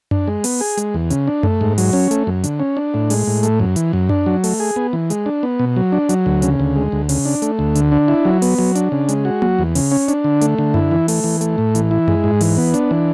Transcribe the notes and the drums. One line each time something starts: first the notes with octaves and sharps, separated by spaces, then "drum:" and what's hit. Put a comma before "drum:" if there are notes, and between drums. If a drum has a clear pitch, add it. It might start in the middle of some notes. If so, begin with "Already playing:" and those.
D4, drum: tom F#2
G#3
B3, drum: open hi-hat
G#4
G#3, drum: hi-hat
E2
C#3, drum: hi-hat
D4
A3, drum: tom F#2
G#2
F#3, drum: open hi-hat
C#4
A3, drum: hi-hat
F#2
D3, drum: hi-hat
C#4
D4
A2
G#3, drum: open hi-hat
A2
A3, drum: hi-hat
F#2
E3, drum: hi-hat
F#2
D4, drum: tom F#2
F#3
A3, drum: open hi-hat
G#4
B3
E3
G#3, drum: hi-hat
D4
B3
B2
F#3
D4
F#3, drum: hi-hat
D2
C#3, drum: hi-hat
D2
G#3
D2
C#3, drum: open hi-hat
D4
A3, drum: hi-hat
D2
D3, drum: hi-hat
D4
E4
F#3
B3, drum: open hi-hat
F#3
D4, drum: hi-hat
C#3
G#3, drum: hi-hat
F#4
F#3, drum: tom A#3
E2
C#3, drum: open hi-hat
C#4
D4, drum: hi-hat
D3
A3, drum: hi-hat
D3
E4, drum: tom F#2
E3
A3, drum: open hi-hat
E3
A3, drum: hi-hat
A2
E3, drum: hi-hat
E4
G#3, drum: tom F#2
G#2
E3, drum: open hi-hat
B3
D4, drum: hi-hat
E3